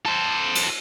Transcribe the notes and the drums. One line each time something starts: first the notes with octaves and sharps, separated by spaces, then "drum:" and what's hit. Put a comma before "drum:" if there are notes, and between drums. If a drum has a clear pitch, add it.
A4 C5
drum: cymbal